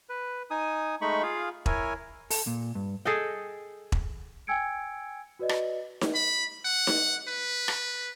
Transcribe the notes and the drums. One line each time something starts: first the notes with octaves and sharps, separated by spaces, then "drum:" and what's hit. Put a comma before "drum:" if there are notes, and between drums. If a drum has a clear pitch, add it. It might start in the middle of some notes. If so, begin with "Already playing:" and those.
B4
D#4 G#5 D#6
G#3 A3 D#4 B5 C#6
F4 G#4 F5
E4 A#4 C#5 G#5, drum: kick E1
A4, drum: open hi-hat
A#2
G2
G#4 A4 D#5 G5
drum: kick E1
G5 G#5 E6 G#6 C#7 D7
F#4 B4 D5 D#5
drum: rim click
drum: snare D#4
B5
F#5
drum: snare D#4
B4
drum: rim click